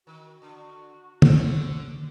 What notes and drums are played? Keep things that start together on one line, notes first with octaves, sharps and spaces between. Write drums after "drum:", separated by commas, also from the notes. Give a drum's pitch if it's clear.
D#3 F#4
D3
D3 F3 C4 C5, drum: tom